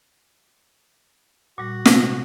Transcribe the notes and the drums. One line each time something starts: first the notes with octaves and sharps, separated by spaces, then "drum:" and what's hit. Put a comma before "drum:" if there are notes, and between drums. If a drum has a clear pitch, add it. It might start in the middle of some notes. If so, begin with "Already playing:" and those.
A#2 G3 F#4
C3 G#3 G#5, drum: snare